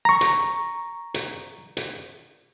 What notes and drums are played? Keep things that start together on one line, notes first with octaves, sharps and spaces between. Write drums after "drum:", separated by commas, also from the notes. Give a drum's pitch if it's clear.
A#5 C#6
drum: hi-hat
drum: hi-hat
drum: hi-hat